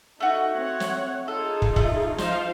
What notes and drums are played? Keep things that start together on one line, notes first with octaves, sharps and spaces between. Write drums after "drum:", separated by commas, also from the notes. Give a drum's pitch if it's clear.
A3 D#4 F#4
C4 C#5 F#5
drum: snare
D#4 F4 G#4 A4
drum: kick
A3, drum: kick
F3 D#4 F4 C5 F5, drum: snare